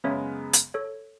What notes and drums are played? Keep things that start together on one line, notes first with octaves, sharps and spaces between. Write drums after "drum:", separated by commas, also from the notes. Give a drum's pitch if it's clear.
F#2 C#3 G#3 B3 C#5 E5
drum: hi-hat
A4 C#5